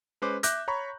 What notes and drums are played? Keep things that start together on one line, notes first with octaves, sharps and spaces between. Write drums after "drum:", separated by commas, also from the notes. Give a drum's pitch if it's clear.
G#3 C#4 B4 C5 D6
E5 D6 F#6 G6 A#6, drum: hi-hat
C#5 A#5 B5 C#6